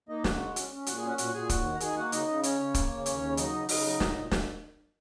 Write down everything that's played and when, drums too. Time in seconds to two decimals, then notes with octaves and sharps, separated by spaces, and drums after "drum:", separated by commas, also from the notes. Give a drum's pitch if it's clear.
0.09 A#3 D#4 D#5
0.24 C#3 F#4 F#5, drum: snare
0.40 G#3
0.56 C#4, drum: hi-hat
0.72 C#4
0.86 A#2 F#4 F#5, drum: hi-hat
0.97 G#4 G#5
1.03 C#4
1.08 F#4 F#5
1.18 A#2 F#4 F#5, drum: hi-hat
1.34 A#2 G#4 G#5
1.49 D#2 F#4 F#5, drum: kick, hi-hat
1.65 D#3
1.74 A#5
1.80 D#3 G#4 G#5, drum: hi-hat
1.96 A#3 F#4 F#5
2.12 C#3 D#4 D#5, drum: hi-hat
2.28 C#3
2.43 C#4 C#5, drum: hi-hat
2.59 C#3
2.74 A#3, drum: kick, hi-hat
2.91 C#3
3.06 D#2 C#4 C#5, drum: hi-hat
3.22 C#3
3.37 F#3 D#4 D#5, drum: hi-hat
3.53 C#3
3.69 C#3 D#4 D#5, drum: open hi-hat
3.84 F#3
4.00 A#2, drum: snare
4.16 A#2
4.31 drum: snare